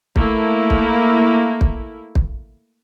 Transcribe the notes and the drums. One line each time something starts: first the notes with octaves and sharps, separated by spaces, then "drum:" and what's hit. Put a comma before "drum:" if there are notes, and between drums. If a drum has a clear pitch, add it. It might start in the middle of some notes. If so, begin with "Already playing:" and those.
A3 A#3 E4, drum: kick
drum: kick
drum: kick
drum: kick